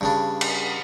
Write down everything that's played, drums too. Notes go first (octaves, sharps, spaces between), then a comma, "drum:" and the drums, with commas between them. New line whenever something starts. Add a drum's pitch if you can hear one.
G2 C#3 D4
drum: cymbal